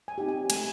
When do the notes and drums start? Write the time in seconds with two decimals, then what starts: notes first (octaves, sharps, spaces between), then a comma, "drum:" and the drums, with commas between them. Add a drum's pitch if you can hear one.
0.08 G#5
0.18 C4 D#4 G4
0.28 G#5
0.50 A3 G#5, drum: cymbal